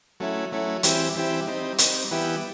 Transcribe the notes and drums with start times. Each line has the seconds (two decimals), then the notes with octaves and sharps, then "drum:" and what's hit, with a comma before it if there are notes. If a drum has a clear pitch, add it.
0.20 F#3 A3 C#4 E4
0.52 F#3 A3 C#4 E4
0.83 E3 G3 C4 E4 G4, drum: hi-hat
1.15 E3 G3 C4 E4 G4
1.47 G3 C4 D#4
1.78 G3 C4 D#4, drum: hi-hat
2.11 E3 G3 B3 E4 G4